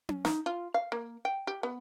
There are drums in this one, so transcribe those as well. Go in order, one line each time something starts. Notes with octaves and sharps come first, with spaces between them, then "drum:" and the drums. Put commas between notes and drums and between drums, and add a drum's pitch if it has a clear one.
drum: tom C#4
D#4, drum: snare
F4
F5
A#3
G5
G4
B3